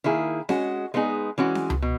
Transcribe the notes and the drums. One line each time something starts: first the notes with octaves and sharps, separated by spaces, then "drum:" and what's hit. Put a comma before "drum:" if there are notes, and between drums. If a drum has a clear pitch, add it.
D#3 A#3 E4 G#4
G#3 C#4 F#4, drum: snare C4
G#3 B3 D#4 G#4
E3 G#3 C#4 F#4
drum: snare C4
drum: tom C#2
B2